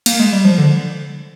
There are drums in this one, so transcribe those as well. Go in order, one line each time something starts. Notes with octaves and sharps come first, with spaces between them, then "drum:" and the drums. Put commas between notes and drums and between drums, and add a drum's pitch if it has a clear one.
A#3, drum: cymbal
G#3
G3
F3
D3